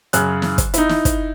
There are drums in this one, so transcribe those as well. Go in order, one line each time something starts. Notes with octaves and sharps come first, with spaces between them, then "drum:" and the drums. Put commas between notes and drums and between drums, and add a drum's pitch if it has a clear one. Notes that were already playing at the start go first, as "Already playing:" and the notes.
F#2 C#3 F#6, drum: hi-hat
drum: snare
drum: kick, hi-hat
D#4 E4, drum: hi-hat
drum: snare
drum: kick, hi-hat